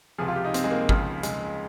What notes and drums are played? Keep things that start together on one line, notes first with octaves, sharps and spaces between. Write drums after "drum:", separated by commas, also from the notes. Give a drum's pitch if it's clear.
C#2 C3 F3 G#4
F4
G4
D#4
C4, drum: hi-hat
G#3
A#3
C#2 C#3 F3, drum: kick G#1
G#3, drum: hi-hat